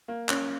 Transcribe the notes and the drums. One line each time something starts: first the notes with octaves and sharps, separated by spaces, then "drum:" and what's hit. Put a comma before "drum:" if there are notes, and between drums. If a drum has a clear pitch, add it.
A#3
C#4, drum: clap